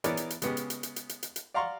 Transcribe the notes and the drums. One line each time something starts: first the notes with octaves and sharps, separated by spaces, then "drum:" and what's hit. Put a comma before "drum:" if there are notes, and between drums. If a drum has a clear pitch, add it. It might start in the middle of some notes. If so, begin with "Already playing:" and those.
E3 B3 G#4 A#4 C#5 D5, drum: hi-hat
drum: hi-hat
drum: hi-hat
C#3 G#3 B3 G4, drum: hi-hat
drum: hi-hat
drum: hi-hat
drum: hi-hat
drum: hi-hat
drum: hi-hat
drum: hi-hat
drum: hi-hat
D5 F5 F#5 A#5 C6 C#6